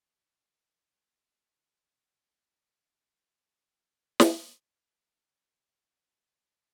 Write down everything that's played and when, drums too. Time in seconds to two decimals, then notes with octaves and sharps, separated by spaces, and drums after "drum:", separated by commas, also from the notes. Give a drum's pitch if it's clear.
0.53 D#3 D#4 E4
2.99 D7
4.20 drum: snare
4.75 C#3
5.63 F#3
6.01 C3